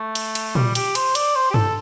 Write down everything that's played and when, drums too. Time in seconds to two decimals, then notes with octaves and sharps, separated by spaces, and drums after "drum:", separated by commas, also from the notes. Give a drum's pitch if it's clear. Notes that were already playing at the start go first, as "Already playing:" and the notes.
Already playing: A3
0.15 drum: cymbal
0.35 drum: cymbal
0.55 G3, drum: tom A#2
0.75 G4, drum: cymbal
0.95 C5, drum: cymbal
1.15 D5, drum: cymbal
1.35 C5
1.50 G4
1.54 A4, drum: tom G2